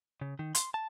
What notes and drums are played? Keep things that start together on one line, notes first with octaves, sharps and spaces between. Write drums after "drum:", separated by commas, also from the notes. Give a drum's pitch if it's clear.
C#3
D#3
C6, drum: hi-hat
A5